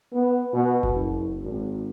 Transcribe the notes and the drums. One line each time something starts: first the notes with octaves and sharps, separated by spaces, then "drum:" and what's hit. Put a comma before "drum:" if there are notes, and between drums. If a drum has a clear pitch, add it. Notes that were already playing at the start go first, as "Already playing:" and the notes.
B3
B2
drum: kick F#1
F#1
G#1